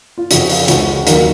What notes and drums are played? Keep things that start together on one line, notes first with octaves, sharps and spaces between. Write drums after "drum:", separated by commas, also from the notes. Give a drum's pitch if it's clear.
F4
F2 C#3 F3 F#4, drum: hi-hat
drum: open hi-hat
C#2 C#3 F3 F#4, drum: hi-hat
F#4
D#2 D#3 F#3 A#4, drum: hi-hat